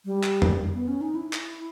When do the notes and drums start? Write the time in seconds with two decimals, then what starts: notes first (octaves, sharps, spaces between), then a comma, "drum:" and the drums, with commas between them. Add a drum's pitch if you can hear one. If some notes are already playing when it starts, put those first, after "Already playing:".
0.05 G3
0.24 drum: clap
0.42 drum: tom F2
0.74 B3
0.88 C#4
1.01 D#4
1.15 E4
1.33 drum: clap